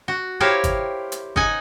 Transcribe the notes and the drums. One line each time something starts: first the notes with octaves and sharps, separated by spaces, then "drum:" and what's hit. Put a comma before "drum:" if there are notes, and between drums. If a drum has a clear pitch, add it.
F#4
E4 G4 A#4 C5 C#5 F5
drum: kick, hi-hat
drum: hi-hat
D#4 F#5 G#5, drum: kick